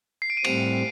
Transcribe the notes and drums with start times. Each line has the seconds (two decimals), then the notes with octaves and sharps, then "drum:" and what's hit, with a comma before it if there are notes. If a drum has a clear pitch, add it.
0.22 C7
0.30 D7
0.37 D#7
0.44 A2 G3 C4 F7, drum: cymbal